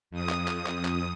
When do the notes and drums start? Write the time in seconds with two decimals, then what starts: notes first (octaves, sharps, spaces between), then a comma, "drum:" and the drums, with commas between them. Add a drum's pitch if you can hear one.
0.11 F2 D#6
0.29 drum: clap
0.48 drum: clap
0.66 drum: clap
0.85 drum: clap